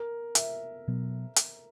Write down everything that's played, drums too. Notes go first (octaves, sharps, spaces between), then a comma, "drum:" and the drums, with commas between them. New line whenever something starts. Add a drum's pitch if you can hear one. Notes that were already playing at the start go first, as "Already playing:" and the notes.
Already playing: A#4
E5, drum: hi-hat
B2 F#3 B3
drum: hi-hat